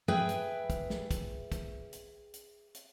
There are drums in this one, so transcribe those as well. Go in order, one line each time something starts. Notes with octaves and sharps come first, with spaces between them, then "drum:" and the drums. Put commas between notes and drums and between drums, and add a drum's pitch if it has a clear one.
G#4 B4 E5 G5
drum: hi-hat
drum: kick, hi-hat
drum: snare
drum: kick, hi-hat
drum: kick, hi-hat
drum: hi-hat
drum: hi-hat
drum: hi-hat